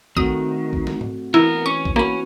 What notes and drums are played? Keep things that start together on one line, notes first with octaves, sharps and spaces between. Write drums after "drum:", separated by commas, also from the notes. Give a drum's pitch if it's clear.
D#3 A3 C4 F#4 D#6, drum: kick
drum: kick
drum: snare
drum: tom G#2
E3 B3 E4 A#4
C#4 C#6
drum: kick
A#3 C#4 F#4 B5